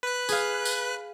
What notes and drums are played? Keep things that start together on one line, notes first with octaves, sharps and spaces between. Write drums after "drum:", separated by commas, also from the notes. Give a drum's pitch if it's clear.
B4 F#6
G#4 F5, drum: tambourine
drum: tambourine